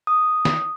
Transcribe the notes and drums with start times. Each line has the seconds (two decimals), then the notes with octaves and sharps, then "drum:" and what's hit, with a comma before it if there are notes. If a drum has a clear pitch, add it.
0.07 D#6
0.45 drum: snare